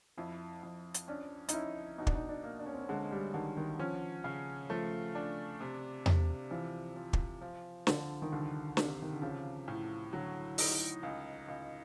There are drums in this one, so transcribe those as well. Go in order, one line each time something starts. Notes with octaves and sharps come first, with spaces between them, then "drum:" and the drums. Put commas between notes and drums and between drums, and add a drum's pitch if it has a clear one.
F2 E4
F2
drum: hi-hat
C#4 D4
D#4, drum: hi-hat
C#4 E4
B2 D#4
D4, drum: kick
D#4
D4
A#3
D4
C#4
C4
C#4
D3 G#3
G3
D3 D#3
D#3
F3 C#4
C#3
F3 A3
D4
C3
C3, drum: tom E2
E3 F3
F3
drum: kick
F3
D3 F3, drum: snare
D#3
C2 D3
C3, drum: snare
D#3
D3
C#3 F3
A2
D3 F#3
D#4, drum: open hi-hat
C#2
C#2